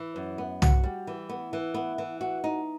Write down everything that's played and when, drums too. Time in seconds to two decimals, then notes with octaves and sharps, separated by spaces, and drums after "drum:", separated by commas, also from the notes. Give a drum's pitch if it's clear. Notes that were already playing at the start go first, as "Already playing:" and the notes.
Already playing: E3
0.16 F#2
0.38 B3
0.62 F#4, drum: tom
0.84 G3
1.07 E3
1.30 B3
1.53 E3
1.74 B3
1.98 E3
2.21 F#4
2.44 D#4